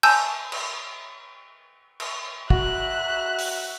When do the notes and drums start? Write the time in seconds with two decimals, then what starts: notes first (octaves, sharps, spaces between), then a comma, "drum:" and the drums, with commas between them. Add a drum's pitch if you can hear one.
0.03 G#5 A5 E6 G6, drum: cymbal
0.52 drum: cymbal
2.00 drum: cymbal
2.50 F#4 E5 F#6, drum: kick
3.39 drum: open hi-hat